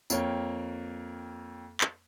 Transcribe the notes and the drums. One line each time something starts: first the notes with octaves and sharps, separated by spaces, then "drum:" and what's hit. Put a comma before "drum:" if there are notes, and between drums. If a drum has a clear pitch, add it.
F2 A#3 C#5 G5, drum: tambourine
drum: clap